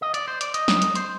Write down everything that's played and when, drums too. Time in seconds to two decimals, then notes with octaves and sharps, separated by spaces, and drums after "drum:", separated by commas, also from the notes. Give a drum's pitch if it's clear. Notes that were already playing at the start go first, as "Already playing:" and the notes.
0.02 D#5
0.14 D5, drum: hi-hat
0.28 C5
0.41 D5, drum: hi-hat
0.54 D#5, drum: hi-hat
0.68 drum: snare
0.82 drum: hi-hat
0.95 C5, drum: hi-hat